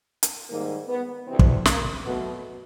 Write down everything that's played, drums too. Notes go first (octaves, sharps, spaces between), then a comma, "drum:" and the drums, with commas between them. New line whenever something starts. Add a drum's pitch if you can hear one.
drum: hi-hat
G#2 D#3 G3 A#3
B3
D2 C3 E3 C4
drum: kick
A#3, drum: snare
B2 F#3 A3 B3